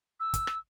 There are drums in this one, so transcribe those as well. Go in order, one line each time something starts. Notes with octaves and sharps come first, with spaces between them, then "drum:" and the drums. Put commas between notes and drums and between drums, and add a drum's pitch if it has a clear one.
E6
drum: kick, hi-hat
drum: rim click